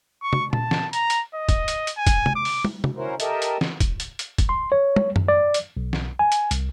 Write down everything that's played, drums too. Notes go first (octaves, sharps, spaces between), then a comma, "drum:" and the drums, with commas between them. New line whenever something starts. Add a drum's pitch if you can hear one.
C#6
drum: tom
A5, drum: tom A#2
drum: snare
A#5, drum: hi-hat
drum: hi-hat
D#5
drum: kick, hi-hat
drum: hi-hat
drum: hi-hat
G#5
drum: kick, hi-hat
drum: tom
D6
drum: open hi-hat
drum: tom
drum: tom
C#4 E4 F#4 A#4 C5
G4 A4 A#4 D#5 E5, drum: hi-hat
drum: hi-hat
drum: snare
drum: kick, hi-hat
drum: hi-hat
drum: hi-hat
drum: kick, hi-hat
C6
C#5
drum: tom
drum: tom F#2
D5
drum: hi-hat
B1
drum: snare
G#5
drum: hi-hat
C2, drum: hi-hat